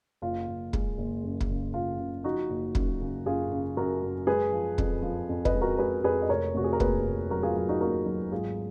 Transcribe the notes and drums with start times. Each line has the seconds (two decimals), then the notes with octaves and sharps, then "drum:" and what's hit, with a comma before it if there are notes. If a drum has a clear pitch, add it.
0.22 F#1 F4
0.47 F#1
0.73 G#3, drum: kick
0.98 F#1
1.24 F#2
1.40 drum: kick
1.50 C#3
1.74 C#3 F4
1.99 C#3
2.24 F3 D#4 F#4
2.50 F#1
2.75 F#2, drum: kick
3.01 C#3
3.25 F#2 F4 G#4
3.51 C#3
3.77 F#2 F#4 A#4
4.02 F#2
4.27 G#3 G#4 B4
4.52 F3
4.78 F2, drum: kick
5.02 F3
5.29 F2
5.45 B4 D#5, drum: kick
5.54 G#3
5.61 F#4 A#4
5.78 G#3 G#4 B4
6.04 F2 G#4 B4
6.22 D#5
6.29 F1 A#4 C#5
6.55 F1 F#4
6.64 G#4
6.73 A#4
6.80 D#2 G#4 B4, drum: kick
7.05 F1
7.30 F#3 F#4 A#4
7.43 F4 G#4
7.56 F#3 F4
7.69 D#4 F#4
7.81 D#2 F#4 A#4
8.06 F#3
8.32 G#1 F4 G#4